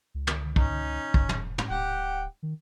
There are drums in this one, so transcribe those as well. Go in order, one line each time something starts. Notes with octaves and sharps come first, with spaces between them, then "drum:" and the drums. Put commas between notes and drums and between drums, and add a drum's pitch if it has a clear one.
C#2
drum: tom
C#4 D#4, drum: kick
E1, drum: kick
drum: tom
drum: tom
D1 G4 F#5 G5
D#3